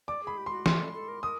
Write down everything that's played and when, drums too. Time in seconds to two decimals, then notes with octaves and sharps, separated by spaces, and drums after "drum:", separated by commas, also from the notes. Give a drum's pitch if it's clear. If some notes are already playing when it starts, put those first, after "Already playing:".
0.08 D5 D6
0.23 G#4 B5
0.37 G4
0.46 F#4 C6
0.66 G4 C6, drum: snare
0.80 A4
0.94 A4
1.08 A#4
1.23 A#4 D#6